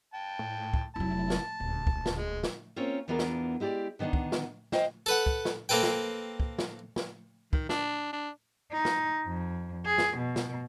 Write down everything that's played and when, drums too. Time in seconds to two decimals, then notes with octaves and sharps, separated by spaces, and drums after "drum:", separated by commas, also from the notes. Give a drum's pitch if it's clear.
0.14 G5 A5
0.39 A2
0.74 drum: kick
0.96 F1 F#3 E4 A5
1.30 drum: snare
1.60 D#1 D2
1.87 drum: kick
2.06 drum: snare
2.18 G#3
2.43 drum: snare
2.76 A#3 C4 C#4 F4 C#5
3.08 E2 E3 B3 D4 F4 A#4
3.19 drum: snare
3.60 G#3 E4 G4 A4 D5
3.99 D3 D#3 B3 D4 D#4
4.13 drum: kick
4.32 drum: snare
4.72 C5 D#5 F5 G5 G#5, drum: snare
5.06 A4 B4 F#5
5.26 drum: kick
5.45 drum: snare
5.69 A#3 C4 A4 B4 G5
5.83 drum: snare
6.40 drum: kick
6.58 drum: snare
6.96 drum: snare
7.53 D#3, drum: kick
7.69 D4, drum: snare
8.13 D4
8.72 D#4
8.85 drum: snare
9.26 F2
9.86 G#4
9.98 drum: snare
10.18 B2
10.36 drum: snare